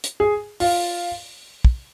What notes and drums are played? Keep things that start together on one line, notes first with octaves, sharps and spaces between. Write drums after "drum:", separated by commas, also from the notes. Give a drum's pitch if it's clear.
drum: hi-hat
G#4
F4, drum: open hi-hat
drum: kick